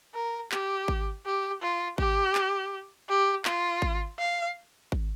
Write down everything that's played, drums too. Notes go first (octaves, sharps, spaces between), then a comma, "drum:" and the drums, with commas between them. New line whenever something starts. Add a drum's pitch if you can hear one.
A#4
G4, drum: clap
drum: kick G#1
G4
F4
G4, drum: kick G#1
drum: clap
G4
F4, drum: clap
drum: kick G#1
F5
drum: kick G#1